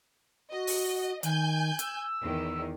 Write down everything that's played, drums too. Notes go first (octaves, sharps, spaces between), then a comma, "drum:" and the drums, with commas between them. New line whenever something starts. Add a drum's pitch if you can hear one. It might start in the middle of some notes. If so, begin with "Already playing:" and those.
F#4 D#5
drum: open hi-hat
D#3 G#5 G6, drum: hi-hat
E6, drum: hi-hat
E2 D#3